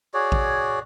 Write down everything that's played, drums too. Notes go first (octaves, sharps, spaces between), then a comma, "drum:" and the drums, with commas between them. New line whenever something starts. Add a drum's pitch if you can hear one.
F#4 G#4 C#5 D5
drum: kick A1